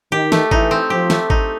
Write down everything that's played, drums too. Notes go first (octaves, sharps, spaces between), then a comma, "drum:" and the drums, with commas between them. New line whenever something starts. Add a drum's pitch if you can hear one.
D#3 G4
A3, drum: snare
E3 D#4, drum: kick G#1
C4
F3 G4
A3, drum: snare
D#4, drum: kick G#1